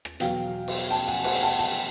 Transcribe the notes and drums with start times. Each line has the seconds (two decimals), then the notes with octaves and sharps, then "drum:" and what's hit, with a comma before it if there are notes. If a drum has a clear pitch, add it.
0.05 drum: rim click
0.20 E2 B2 F#3 B3 F5 G5, drum: hi-hat
0.68 drum: cymbal
0.90 G5 A5
1.08 F#5 G#5
1.24 F#5 G#5, drum: cymbal
1.42 G5 A5
1.59 G5 A5